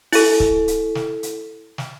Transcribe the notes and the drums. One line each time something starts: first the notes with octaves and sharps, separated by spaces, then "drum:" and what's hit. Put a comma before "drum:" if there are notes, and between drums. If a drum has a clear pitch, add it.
E4 A4, drum: open hi-hat
drum: kick C#1
drum: hi-hat
drum: snare
drum: hi-hat
drum: snare